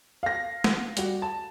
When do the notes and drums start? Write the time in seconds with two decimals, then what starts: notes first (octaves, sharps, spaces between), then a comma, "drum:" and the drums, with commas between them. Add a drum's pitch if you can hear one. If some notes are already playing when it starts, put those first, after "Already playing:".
0.23 F5 A#6
0.64 drum: snare
0.97 G3 F#4, drum: hi-hat
1.22 A5